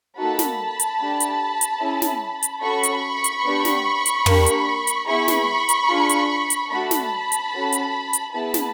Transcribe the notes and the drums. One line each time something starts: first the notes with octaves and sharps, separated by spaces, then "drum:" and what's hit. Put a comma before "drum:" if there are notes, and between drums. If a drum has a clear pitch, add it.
A#3 D#4 F#4 A4 A5 B5
drum: snare
drum: hi-hat
A3 D4 G4
drum: hi-hat
drum: hi-hat
C#4 E4 G#4
drum: snare
drum: hi-hat
C#4 F#4 A4 B5 C#6
drum: hi-hat
drum: hi-hat
B3 D4 G4
drum: snare
drum: hi-hat
A#3 D4 G4, drum: tom
drum: hi-hat
drum: hi-hat
B3 E4 G#4 B5 C#6
drum: snare
drum: hi-hat
D4 F4 G#4
drum: hi-hat
drum: hi-hat
A3 D4 F#4 A5 B5
drum: snare
drum: hi-hat
C#4 F#4 A4
drum: hi-hat
drum: hi-hat
B3 E4 G#4 A5 B5
drum: snare